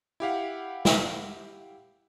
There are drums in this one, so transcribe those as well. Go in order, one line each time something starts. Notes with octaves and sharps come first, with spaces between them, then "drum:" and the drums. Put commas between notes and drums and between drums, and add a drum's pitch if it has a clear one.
E4 G4 F5 F#5
drum: snare